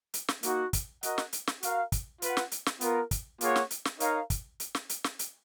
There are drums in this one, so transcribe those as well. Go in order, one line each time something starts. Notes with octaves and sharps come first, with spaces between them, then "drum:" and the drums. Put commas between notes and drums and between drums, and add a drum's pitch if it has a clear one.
drum: hi-hat
drum: snare
A#3 D#4 F#4, drum: hi-hat
drum: kick, hi-hat
F#4 A#4 D#5 F#5, drum: hi-hat
drum: snare
drum: hi-hat
drum: snare
F#4 A#4 F5, drum: hi-hat
drum: kick, hi-hat
F4 B4 F#5, drum: hi-hat
drum: snare
drum: hi-hat
drum: snare
B3 F4 A#4, drum: hi-hat
drum: kick, hi-hat
A#3 F4 G#4 C#5 F#5, drum: hi-hat
drum: snare
drum: hi-hat
drum: snare
D#4 A#4 C#5 F5, drum: hi-hat
drum: kick, hi-hat
drum: hi-hat
drum: snare
drum: hi-hat
drum: snare
drum: hi-hat